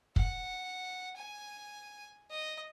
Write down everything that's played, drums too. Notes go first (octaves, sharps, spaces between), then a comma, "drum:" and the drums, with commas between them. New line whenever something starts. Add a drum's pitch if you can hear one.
F#5, drum: kick
G#5
D#5